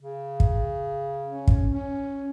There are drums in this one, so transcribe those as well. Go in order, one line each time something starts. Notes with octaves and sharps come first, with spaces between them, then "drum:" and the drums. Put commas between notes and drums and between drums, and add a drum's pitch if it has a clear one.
C#3
drum: kick
C#4
drum: kick
C#4